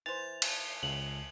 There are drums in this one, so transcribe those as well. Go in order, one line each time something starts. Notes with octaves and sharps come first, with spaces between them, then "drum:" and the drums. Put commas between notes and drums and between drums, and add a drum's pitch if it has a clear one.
E3 C5 A6 F7
drum: cymbal
C#2 F#7